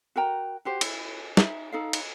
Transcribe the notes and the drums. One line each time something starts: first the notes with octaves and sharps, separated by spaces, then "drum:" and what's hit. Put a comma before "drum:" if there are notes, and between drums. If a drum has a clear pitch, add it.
F#4 A#4 G5 A#5
F#4 G4 C5
E4, drum: cymbal
D#4 E5, drum: snare
D#4 A4 F5
drum: cymbal